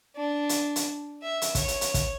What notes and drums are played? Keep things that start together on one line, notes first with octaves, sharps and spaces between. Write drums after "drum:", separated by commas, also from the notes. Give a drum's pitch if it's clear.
D4
drum: hi-hat
drum: hi-hat
E5
drum: hi-hat
C#5, drum: kick, hi-hat
drum: hi-hat
drum: hi-hat
drum: kick, hi-hat